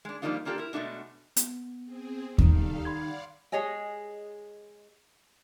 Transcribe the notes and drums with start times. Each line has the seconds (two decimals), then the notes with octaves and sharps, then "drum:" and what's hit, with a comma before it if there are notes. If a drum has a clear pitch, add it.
0.05 G#3 D4
0.22 F3 G3 A#3 D4 D#4 F4
0.45 A#3 D4 F4 G4 A4
0.58 E4 A#4
0.73 B2 G#3 A3 D4 F#4
1.37 B3, drum: hi-hat
1.85 C4 G#4
2.38 D#3 G3 A4 F5, drum: kick D#2
2.85 D5 F5 F#5 B5 C6 G#6
3.52 G#3 G#4 C#5 D#5 G#5